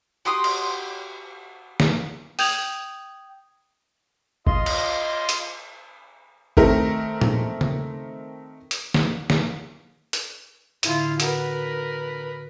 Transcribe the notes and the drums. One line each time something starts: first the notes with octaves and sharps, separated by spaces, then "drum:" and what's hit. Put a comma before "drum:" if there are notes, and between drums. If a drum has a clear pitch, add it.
F#4 G4 C6 D#6
drum: cymbal
drum: snare
G5 D#6 G6 G#6 F7 F#7, drum: open hi-hat
F4 D#5 C6, drum: kick
drum: cymbal
drum: hi-hat
D#3 A3 C4 A#4, drum: kick
drum: tom A2
drum: tom C#3
drum: hi-hat
drum: snare
drum: snare
drum: hi-hat
A2 D3 E4 F4, drum: hi-hat
F#4 A#4 B4 F#5, drum: hi-hat